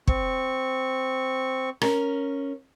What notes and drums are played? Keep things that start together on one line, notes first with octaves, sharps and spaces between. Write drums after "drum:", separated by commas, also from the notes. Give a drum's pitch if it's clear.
C4 C#6, drum: kick
C#4 A#4, drum: rim click